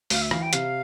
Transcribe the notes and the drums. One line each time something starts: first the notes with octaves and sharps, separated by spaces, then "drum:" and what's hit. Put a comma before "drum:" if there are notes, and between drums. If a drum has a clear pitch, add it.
D2 F5, drum: open hi-hat
E5
E3 F5, drum: rim click
G5
C3 F5, drum: hi-hat